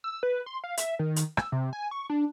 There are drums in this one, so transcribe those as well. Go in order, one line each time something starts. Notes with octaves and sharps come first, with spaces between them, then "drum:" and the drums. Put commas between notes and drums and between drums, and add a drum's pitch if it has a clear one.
E6
B4
C6
F5
E5, drum: hi-hat
D#3
drum: hi-hat
E6, drum: rim click
C3
G#5
C#6
D4